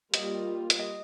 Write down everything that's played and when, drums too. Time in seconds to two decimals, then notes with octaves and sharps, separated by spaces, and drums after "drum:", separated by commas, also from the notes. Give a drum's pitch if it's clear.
0.14 G3 A#3 F4 D#5, drum: hi-hat
0.70 drum: hi-hat
0.80 D#5